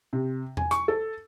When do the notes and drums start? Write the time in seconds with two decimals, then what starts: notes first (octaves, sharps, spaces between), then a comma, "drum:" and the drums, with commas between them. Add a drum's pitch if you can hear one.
0.13 C3
0.57 G#5, drum: tom E2
0.71 C#6, drum: hi-hat
0.88 A4